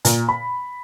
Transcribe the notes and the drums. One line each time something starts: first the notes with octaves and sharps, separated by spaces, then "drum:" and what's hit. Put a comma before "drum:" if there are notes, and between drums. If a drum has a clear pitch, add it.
A#2, drum: hi-hat
B5